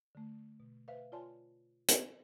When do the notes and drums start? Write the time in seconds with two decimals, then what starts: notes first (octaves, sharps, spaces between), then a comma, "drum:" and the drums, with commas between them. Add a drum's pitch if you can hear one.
0.15 D3 A3
0.60 B2
0.88 B4 C5 E5 F5
1.12 F4 C#5 D5 G#5 A5 C6
1.88 drum: hi-hat